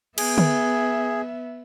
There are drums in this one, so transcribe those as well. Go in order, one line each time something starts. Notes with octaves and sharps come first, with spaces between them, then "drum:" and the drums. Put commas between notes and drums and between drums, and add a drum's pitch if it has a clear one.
B3 G#4 E5, drum: cymbal
drum: tom D3